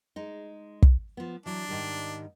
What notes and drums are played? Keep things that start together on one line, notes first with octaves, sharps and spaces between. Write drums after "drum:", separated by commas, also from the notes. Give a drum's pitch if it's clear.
G#3 D#4
drum: kick
F3 B3
E3 F#3 D4
G#2 D#3 G3